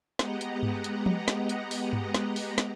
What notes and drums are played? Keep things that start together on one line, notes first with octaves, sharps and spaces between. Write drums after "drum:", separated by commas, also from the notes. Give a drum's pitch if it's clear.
G#3 B3 G4 D#5 F#5 A#5, drum: snare
drum: hi-hat
drum: tom G2
drum: hi-hat
drum: tom
drum: snare
drum: hi-hat
drum: open hi-hat
drum: tom G2
drum: snare
drum: open hi-hat
drum: snare